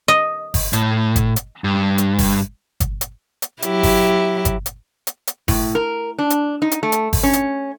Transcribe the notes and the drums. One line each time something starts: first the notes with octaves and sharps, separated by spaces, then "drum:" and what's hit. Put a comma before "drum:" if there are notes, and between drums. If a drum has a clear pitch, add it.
D#5
drum: kick G1, open hi-hat
A2, drum: hi-hat
drum: kick G1, hi-hat
drum: hi-hat
G2
drum: hi-hat
drum: kick G1, open hi-hat
drum: kick G1, hi-hat
drum: hi-hat
drum: hi-hat
F#3 E4 G4, drum: hi-hat
drum: kick G1, open hi-hat
drum: kick G1, hi-hat
drum: hi-hat
drum: hi-hat
drum: hi-hat
A2, drum: kick G1, open hi-hat
A#4
D4
drum: hi-hat
D#4
drum: hi-hat
A3
drum: hi-hat
drum: kick G1, open hi-hat
C#4
drum: hi-hat